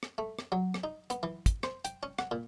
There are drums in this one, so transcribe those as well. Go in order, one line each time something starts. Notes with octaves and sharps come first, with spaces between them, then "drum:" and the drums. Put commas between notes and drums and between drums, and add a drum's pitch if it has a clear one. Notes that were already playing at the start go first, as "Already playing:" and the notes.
drum: rim click
A3
drum: rim click
F#3
drum: rim click
D#4
B3, drum: hi-hat
E3
drum: kick, hi-hat
C5, drum: rim click
G5, drum: hi-hat
C#4
F#5, drum: rim click
A#2